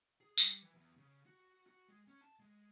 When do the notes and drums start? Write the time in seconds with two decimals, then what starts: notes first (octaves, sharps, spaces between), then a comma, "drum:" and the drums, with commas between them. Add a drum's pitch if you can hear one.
0.21 G#4
0.38 G3, drum: tambourine
0.62 E3
0.75 E2
0.98 C#3
1.26 F#4
1.67 F#4
1.89 G#3
2.08 C#4
2.21 A5
2.39 G#3